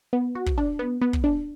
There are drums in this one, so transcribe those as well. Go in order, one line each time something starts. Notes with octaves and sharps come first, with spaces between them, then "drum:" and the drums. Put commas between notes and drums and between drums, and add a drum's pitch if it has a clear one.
B3
F#4
drum: kick
D4
B3
B3
drum: kick
D4